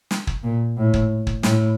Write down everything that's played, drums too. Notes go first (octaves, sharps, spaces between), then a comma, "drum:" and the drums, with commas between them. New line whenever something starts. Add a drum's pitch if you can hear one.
drum: snare
drum: kick
A#2
A2
drum: kick
drum: kick
A2, drum: snare